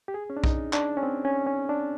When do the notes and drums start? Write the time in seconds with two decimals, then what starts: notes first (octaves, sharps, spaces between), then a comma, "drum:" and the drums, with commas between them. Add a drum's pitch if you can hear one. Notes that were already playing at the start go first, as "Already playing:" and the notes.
0.08 G4
0.14 G#4
0.30 C#4
0.37 D4
0.44 D#4, drum: kick B1
0.73 D4, drum: clap
0.97 C#4
1.03 C4
1.25 C#4
1.47 C#4
1.69 D4